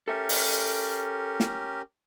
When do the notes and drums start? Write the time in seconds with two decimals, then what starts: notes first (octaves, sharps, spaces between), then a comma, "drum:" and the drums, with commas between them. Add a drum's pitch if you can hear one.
0.08 C#4 G4 A4 A#4 E5
0.29 drum: open hi-hat
1.40 drum: snare